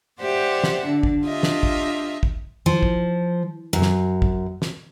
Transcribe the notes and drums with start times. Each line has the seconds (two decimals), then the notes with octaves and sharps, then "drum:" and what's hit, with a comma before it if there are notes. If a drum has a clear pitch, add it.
0.20 G4 C5 D5 E5 F#5
0.64 drum: snare
0.86 D3 D4
1.03 drum: kick
1.23 D4 F4 G4 D#5 E5
1.43 drum: snare
1.63 drum: kick
2.23 drum: kick
2.66 F3
2.83 drum: kick
3.73 F#2
3.82 drum: snare
4.22 drum: kick
4.62 drum: snare